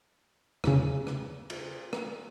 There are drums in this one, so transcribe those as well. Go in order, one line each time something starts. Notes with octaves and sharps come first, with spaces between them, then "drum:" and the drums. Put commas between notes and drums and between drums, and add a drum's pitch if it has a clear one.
E2 C#3, drum: rim click
drum: rim click
drum: cymbal
drum: rim click